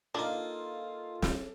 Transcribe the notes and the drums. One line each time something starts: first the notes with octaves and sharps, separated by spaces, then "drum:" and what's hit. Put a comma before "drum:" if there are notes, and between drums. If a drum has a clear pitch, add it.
A#3 D4 D#4 F4 A4
drum: snare